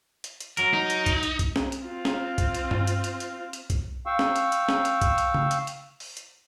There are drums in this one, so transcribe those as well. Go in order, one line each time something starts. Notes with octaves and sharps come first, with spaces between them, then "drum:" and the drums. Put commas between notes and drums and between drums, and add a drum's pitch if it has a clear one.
drum: hi-hat
drum: hi-hat
F#3 A#4, drum: hi-hat
D#4
drum: hi-hat
drum: kick B1, hi-hat
drum: hi-hat
drum: kick B1, hi-hat
drum: snare
drum: hi-hat
C4 F4
drum: snare
drum: kick B1, hi-hat
drum: hi-hat
drum: tom G2
drum: hi-hat
drum: hi-hat
drum: hi-hat
drum: hi-hat
drum: kick B1, hi-hat
F5 G5 C#6 E6
drum: snare
drum: hi-hat
drum: hi-hat
drum: snare
drum: hi-hat
drum: kick B1, hi-hat
drum: hi-hat
drum: tom C#3
drum: hi-hat
drum: hi-hat
drum: open hi-hat
drum: hi-hat